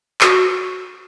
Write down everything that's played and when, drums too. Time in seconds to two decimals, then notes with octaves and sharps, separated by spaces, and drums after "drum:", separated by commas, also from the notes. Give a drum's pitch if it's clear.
0.21 F#4, drum: clap